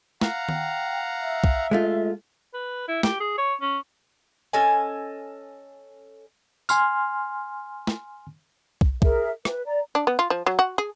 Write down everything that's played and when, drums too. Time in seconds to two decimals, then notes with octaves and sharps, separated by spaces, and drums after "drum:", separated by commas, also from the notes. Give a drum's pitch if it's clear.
0.21 F5 F#5 A#5, drum: snare
0.49 G5, drum: tom D#3
1.21 E5
1.44 drum: kick
1.71 G#3 A3 F4
2.54 B4
2.88 E4
3.03 G4, drum: snare
3.20 G#4
3.38 C#5
3.61 C#4
4.53 C#4 A4 D#5 G#5
6.69 G#5 C6 F6, drum: tambourine
7.87 drum: snare
8.81 drum: kick
9.02 G#4 A#4 E5, drum: kick
9.45 B4, drum: rim click
9.65 D5 A#5
9.95 D4
10.07 B3
10.19 F4
10.30 F3
10.46 F#3
10.59 F#4
10.78 G#4